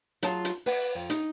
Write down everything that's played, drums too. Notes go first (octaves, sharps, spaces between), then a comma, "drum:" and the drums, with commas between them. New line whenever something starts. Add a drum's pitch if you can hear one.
F#3 F4 G#4 A5, drum: hi-hat
drum: hi-hat
B4 F#5, drum: open hi-hat
F2
D#4, drum: hi-hat